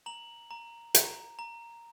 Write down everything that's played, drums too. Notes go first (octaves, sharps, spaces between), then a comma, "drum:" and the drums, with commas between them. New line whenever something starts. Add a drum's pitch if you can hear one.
A#5 F#7
A#5
A#5, drum: hi-hat
A#5